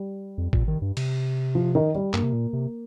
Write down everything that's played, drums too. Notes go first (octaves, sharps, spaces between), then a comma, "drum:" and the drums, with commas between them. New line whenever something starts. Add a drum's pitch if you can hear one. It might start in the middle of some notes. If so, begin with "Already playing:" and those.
Already playing: G3
F2
A#2, drum: kick
D#3
G2
C3, drum: cymbal
F3
D#3
G3
G2 A#3, drum: clap
C3
A#2
C3